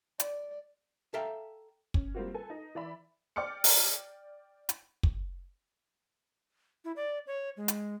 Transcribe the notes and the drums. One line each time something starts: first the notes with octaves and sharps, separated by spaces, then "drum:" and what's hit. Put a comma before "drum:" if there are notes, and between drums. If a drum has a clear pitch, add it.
D5, drum: hi-hat
A4 E5 F5 G5 A#5
C#4, drum: kick
G3 A#3 C4 F4 F#4
A4 B4 G#5
D#4
E3 D5 E5 B5
D5 G5 D6 F6 C#7
drum: open hi-hat
drum: hi-hat
drum: kick
E4
D5
C#5
G#3
drum: hi-hat